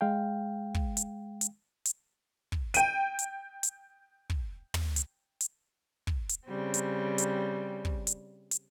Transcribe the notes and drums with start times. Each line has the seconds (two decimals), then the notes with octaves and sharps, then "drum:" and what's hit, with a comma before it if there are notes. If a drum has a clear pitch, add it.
0.01 G#3 F5 G5
0.74 drum: kick
0.97 drum: hi-hat
1.41 drum: hi-hat
1.85 drum: hi-hat
2.52 drum: kick
2.74 G5 D#7, drum: hi-hat
3.19 drum: hi-hat
3.63 drum: hi-hat
4.30 drum: kick
4.74 drum: tom
4.96 drum: hi-hat
5.41 drum: hi-hat
6.07 drum: kick
6.29 drum: hi-hat
6.47 C#3 G3 C4
6.74 drum: hi-hat
7.18 drum: hi-hat
7.85 drum: kick
8.07 drum: hi-hat
8.51 drum: hi-hat